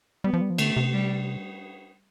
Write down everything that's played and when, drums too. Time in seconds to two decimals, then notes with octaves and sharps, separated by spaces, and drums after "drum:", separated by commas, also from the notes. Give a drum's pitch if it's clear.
0.24 G3 B3
0.33 F3
0.41 G3
0.50 F3
0.58 D3 A3, drum: cymbal
0.77 C3
0.93 G3